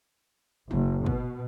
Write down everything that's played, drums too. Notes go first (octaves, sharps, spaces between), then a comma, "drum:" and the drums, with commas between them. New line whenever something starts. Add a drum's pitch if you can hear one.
F#1, drum: tom
B2, drum: kick